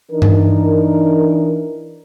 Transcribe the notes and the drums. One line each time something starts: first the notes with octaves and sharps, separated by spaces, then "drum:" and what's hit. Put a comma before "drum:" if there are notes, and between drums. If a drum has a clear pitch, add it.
E3 D4 D#4 A#4
drum: tom G2